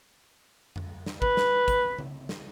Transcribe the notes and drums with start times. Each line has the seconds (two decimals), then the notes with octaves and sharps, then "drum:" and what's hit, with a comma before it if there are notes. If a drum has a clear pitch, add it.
0.76 drum: tom F2
1.06 drum: snare
1.22 B4, drum: kick
1.37 drum: snare
1.68 drum: kick, hi-hat
1.99 drum: tom C#3
2.29 drum: snare